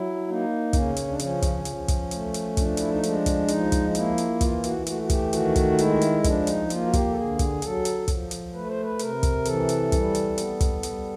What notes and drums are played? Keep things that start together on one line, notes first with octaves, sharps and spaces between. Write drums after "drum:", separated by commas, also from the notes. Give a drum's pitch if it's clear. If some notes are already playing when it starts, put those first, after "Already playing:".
Already playing: F#3 E4
A#3 D#4
C#3 C#4, drum: kick, hi-hat
drum: hi-hat
D4
F3 C#4, drum: hi-hat
drum: kick, hi-hat
F3, drum: hi-hat
drum: kick, hi-hat
A3, drum: hi-hat
drum: hi-hat
F3 D4, drum: kick, hi-hat
E4, drum: hi-hat
D#4
G#3 D4, drum: hi-hat
drum: kick, hi-hat
F3 D#4, drum: hi-hat
drum: kick, hi-hat
D#4
A#3 E4, drum: hi-hat
drum: hi-hat
E3 F4, drum: kick, hi-hat
F#4, drum: hi-hat
A3 F#4, drum: hi-hat
F#4
G4, drum: kick, hi-hat
D#3 F#4, drum: hi-hat
drum: kick, hi-hat
F4
G#3 E4, drum: hi-hat
drum: hi-hat
F3 D4, drum: kick, hi-hat
D#4, drum: hi-hat
A#3 F4, drum: hi-hat
F#4
G4, drum: kick, hi-hat
A4
D3 G#4
drum: kick, hi-hat
F#3 A4, drum: hi-hat
drum: hi-hat
F3, drum: kick, hi-hat
drum: hi-hat
A3 B4
C5
B4
C3 A#4, drum: hi-hat
drum: kick, hi-hat
E3 A4, drum: hi-hat
drum: hi-hat
G3, drum: kick, hi-hat
drum: hi-hat
B3, drum: hi-hat
drum: kick, hi-hat
G3, drum: hi-hat